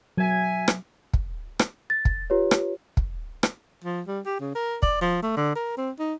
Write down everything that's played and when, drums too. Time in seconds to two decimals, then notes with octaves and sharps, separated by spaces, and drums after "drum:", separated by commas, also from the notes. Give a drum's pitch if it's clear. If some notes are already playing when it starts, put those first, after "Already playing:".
0.17 F#3 E5 G#5
0.68 drum: rim click
1.13 drum: kick
1.59 drum: rim click
1.90 A6
2.05 drum: kick
2.30 F4 G4 B4 C#5
2.51 drum: rim click
2.97 drum: kick
3.43 drum: rim click
3.84 F3
4.07 G3
4.26 G4
4.40 C#3
4.55 A#4
4.83 D5, drum: kick
5.01 F3
5.22 A3
5.37 D3
5.56 A#4
5.77 C4
5.99 D#4